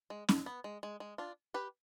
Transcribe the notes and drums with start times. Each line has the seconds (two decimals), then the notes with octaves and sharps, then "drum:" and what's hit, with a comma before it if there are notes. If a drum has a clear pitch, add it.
0.10 G#3
0.29 G#3, drum: snare C#4
0.46 B3
0.64 G#3
0.83 G#3
1.00 G#3
1.18 D4 F4
1.54 G4 B4